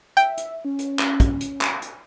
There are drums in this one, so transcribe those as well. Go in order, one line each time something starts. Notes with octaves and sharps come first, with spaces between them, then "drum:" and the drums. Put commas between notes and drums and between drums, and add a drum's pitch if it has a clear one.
E5 G5, drum: hi-hat
drum: hi-hat
C#4
drum: hi-hat
drum: clap
drum: kick, hi-hat
drum: hi-hat
drum: clap
drum: hi-hat